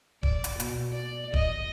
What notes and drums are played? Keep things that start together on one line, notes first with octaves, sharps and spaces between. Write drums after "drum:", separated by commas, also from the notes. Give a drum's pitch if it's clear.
D5, drum: kick D#1
drum: hi-hat
B2, drum: hi-hat
D5
D#5, drum: kick D#1